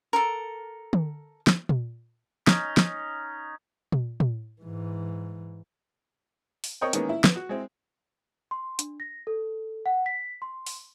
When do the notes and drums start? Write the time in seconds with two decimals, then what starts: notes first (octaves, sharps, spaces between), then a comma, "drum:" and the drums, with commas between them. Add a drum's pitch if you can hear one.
0.13 A4 A#4
0.93 drum: tom
1.47 drum: snare
1.69 drum: tom A#2
2.47 C#4 D#4, drum: snare
2.77 drum: snare
3.92 drum: tom A#2
4.20 drum: tom
4.62 G#2 E3
6.64 drum: open hi-hat
6.81 C4 A#4 C#5 D#5 G5
6.93 D#3 E3 G#3 A#3 B3 C#4, drum: hi-hat
7.09 E4
7.24 B3, drum: snare
7.36 F#4
7.49 G#3 C4 E4
8.51 C6
8.79 D4, drum: hi-hat
9.00 A#6
9.27 A4
9.86 F#5
10.06 B6
10.42 C6
10.66 drum: open hi-hat